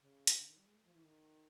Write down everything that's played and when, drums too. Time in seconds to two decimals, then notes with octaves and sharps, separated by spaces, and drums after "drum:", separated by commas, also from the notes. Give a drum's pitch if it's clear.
0.01 C#3
0.27 drum: hi-hat
0.38 D3
0.48 D#3
0.56 G3
0.66 G#3
0.75 A3
0.85 F3
0.93 E3
1.03 D#3